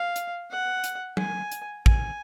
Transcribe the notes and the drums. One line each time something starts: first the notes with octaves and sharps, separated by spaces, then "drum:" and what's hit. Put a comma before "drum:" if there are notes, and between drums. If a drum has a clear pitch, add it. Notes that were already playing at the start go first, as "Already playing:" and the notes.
Already playing: F5
drum: hi-hat
F#5
drum: hi-hat
G#5, drum: tom
drum: hi-hat
G#5, drum: kick